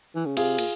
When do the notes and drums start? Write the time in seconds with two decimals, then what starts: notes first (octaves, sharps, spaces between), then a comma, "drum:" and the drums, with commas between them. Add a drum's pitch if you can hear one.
0.15 E3
0.26 C#3
0.37 C3 F4 G#4, drum: cymbal
0.58 A#2, drum: cymbal